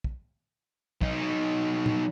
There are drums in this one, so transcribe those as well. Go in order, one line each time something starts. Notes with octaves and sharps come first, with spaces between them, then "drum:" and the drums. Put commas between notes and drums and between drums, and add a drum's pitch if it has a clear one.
drum: kick
F#3 D#4, drum: kick
drum: tom